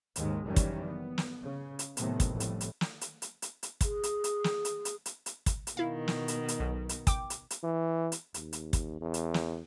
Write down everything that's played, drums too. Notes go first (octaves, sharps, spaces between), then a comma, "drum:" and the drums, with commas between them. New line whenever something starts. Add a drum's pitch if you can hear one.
D#2 G#2 D#3 G#3, drum: hi-hat
F#1 F#2 D#3 E3 G3 C#4
drum: kick, hi-hat
B3
drum: snare
C#3
drum: hi-hat
A2 C3 D#3 F#3 A3 B3, drum: hi-hat
drum: kick, hi-hat
F1 A2 E3 G3
drum: hi-hat
drum: hi-hat
drum: snare
drum: hi-hat
drum: hi-hat
drum: hi-hat
drum: hi-hat
G#4, drum: kick, hi-hat
drum: hi-hat
drum: hi-hat
drum: snare
drum: hi-hat
drum: hi-hat
drum: hi-hat
drum: hi-hat
drum: kick, hi-hat
drum: hi-hat
B2 D#3 E4 F5
drum: snare
drum: hi-hat
drum: hi-hat
B1
drum: hi-hat
G5 D6, drum: kick, hi-hat
drum: hi-hat
drum: hi-hat
E3
drum: hi-hat
D#2, drum: hi-hat
drum: hi-hat
drum: kick, hi-hat
E2
drum: hi-hat
drum: snare